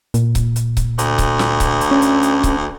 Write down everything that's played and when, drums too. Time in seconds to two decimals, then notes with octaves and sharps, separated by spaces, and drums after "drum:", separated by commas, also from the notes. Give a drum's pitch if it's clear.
0.14 A#2, drum: hi-hat
0.35 drum: kick C#1, hi-hat
0.56 drum: hi-hat
0.77 drum: kick C#1, hi-hat
0.99 D2, drum: hi-hat
1.18 drum: kick C#1, hi-hat
1.39 drum: snare
1.60 drum: kick C#1, hi-hat
1.81 drum: hi-hat
1.91 C#4
2.02 drum: hi-hat
2.23 drum: hi-hat
2.44 drum: kick C#1, hi-hat